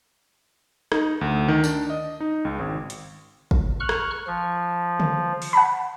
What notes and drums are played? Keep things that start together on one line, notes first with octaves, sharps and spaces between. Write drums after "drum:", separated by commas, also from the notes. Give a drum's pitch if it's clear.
D#4, drum: rim click
D2
D#3
D4, drum: tambourine
D#5
D#4
C#2
G#1
drum: hi-hat
drum: kick
C#6 F6 F#6
drum: rim click
F3
drum: tom C#3
drum: open hi-hat
F#5 A5 B5